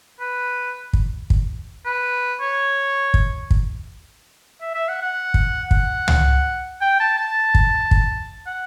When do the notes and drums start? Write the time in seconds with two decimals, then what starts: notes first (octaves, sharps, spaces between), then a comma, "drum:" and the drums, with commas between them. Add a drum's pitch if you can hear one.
0.20 B4
0.93 drum: kick
1.30 drum: kick
1.86 B4
2.41 C#5
3.14 drum: kick
3.51 drum: kick
4.61 E5
4.74 E5
4.88 F#5
5.02 F#5
5.34 drum: kick
5.71 F#5, drum: kick
6.08 drum: tom
6.81 G5
7.00 A5
7.18 A5
7.55 drum: kick
7.91 drum: kick
8.46 F#5